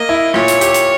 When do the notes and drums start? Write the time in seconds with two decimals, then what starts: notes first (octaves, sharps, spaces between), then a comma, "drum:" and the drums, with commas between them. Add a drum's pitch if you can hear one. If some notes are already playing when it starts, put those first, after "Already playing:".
Already playing: A#3 D#5
0.09 E4
0.34 A#2 C#5, drum: rim click
0.48 drum: hi-hat
0.61 G4, drum: hi-hat
0.74 drum: hi-hat